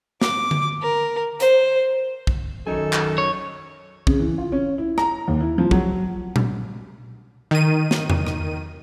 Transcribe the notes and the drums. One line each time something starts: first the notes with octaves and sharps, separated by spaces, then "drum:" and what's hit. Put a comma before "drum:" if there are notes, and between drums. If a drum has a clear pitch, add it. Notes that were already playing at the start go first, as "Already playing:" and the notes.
D6, drum: snare
drum: tom D3
A#4
C5, drum: hi-hat
drum: kick
F#2 D#3 D#4 A4 C#5 G#5
drum: clap
C#5
C#3, drum: kick
E3
F4
C#4
E4
A#5, drum: rim click
D#2
E4
F3
F#3, drum: kick
drum: tom A#2
D#3 D#7
drum: snare
drum: tom E2
drum: rim click